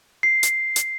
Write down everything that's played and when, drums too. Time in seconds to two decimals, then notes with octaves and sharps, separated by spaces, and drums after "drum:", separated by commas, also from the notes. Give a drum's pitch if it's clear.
0.23 C7
0.43 drum: hi-hat
0.76 drum: hi-hat